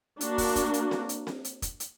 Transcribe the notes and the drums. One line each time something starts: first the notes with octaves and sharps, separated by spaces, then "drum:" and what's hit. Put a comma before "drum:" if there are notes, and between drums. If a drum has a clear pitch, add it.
A#3 D4 F#4, drum: hi-hat
drum: kick, open hi-hat
drum: kick, hi-hat
drum: hi-hat
drum: snare C4
drum: hi-hat
drum: snare C4
drum: hi-hat
drum: kick, hi-hat
drum: hi-hat